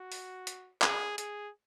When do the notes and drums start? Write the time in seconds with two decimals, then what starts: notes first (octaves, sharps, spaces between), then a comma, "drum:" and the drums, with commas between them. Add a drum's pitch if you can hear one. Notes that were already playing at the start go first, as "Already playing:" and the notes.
Already playing: F#4
0.12 drum: open hi-hat
0.47 drum: hi-hat
0.82 G#4, drum: clap
1.18 G#4, drum: hi-hat